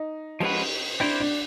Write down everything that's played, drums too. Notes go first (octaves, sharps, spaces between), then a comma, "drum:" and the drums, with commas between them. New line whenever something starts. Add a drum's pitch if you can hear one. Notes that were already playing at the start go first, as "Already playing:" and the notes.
Already playing: D#4
F3 G#3 C#4 F#4 B4, drum: cymbal
C4 D4 E4 G4 C5
D4